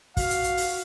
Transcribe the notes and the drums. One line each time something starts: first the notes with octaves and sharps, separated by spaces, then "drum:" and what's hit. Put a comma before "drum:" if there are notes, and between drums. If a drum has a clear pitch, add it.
F#4 F5, drum: kick, open hi-hat
drum: hi-hat
drum: hi-hat
drum: open hi-hat